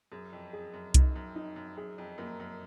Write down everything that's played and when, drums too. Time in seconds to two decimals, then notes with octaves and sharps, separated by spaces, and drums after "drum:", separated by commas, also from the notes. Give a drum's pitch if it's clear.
0.12 F#2 G#4
0.33 F2
0.53 G#4
0.74 F#2
0.94 F#2 D#4, drum: kick C2, hi-hat
1.16 F#2
1.36 D#4
1.56 F#2
1.77 F#2 G#4
1.98 F2
2.18 F#2 A#3
2.40 F#2